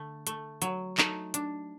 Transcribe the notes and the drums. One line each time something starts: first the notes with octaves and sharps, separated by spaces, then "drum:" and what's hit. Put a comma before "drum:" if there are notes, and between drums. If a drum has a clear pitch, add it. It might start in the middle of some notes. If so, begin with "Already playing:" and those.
Already playing: D3 A3
A3, drum: hi-hat
F#3, drum: hi-hat
A3 D#4, drum: clap
D4, drum: hi-hat